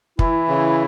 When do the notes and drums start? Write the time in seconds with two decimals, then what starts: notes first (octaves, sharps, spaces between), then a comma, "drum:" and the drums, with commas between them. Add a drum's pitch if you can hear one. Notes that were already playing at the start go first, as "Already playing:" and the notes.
0.19 E3 E4, drum: kick
0.49 C#3